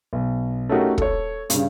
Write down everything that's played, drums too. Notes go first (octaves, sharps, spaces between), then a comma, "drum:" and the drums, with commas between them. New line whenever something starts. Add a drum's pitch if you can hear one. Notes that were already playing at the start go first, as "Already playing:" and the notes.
B1
A3 C#4 D#4 F#4 G4 A#4
A4 C#5, drum: kick
G2 C#3, drum: hi-hat